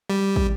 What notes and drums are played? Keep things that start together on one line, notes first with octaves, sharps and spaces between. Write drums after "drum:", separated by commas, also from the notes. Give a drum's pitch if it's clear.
G3
drum: kick